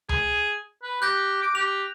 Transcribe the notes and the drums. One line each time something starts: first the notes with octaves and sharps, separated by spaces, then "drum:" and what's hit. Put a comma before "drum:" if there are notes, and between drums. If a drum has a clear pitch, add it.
G#4, drum: tom C#2
B4
G4 F#6 G6 A#6
D6
G4 F7